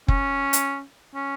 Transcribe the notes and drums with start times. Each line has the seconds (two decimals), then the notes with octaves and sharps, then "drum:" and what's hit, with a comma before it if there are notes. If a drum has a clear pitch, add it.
0.08 C#4, drum: kick
0.53 drum: hi-hat
1.14 C#4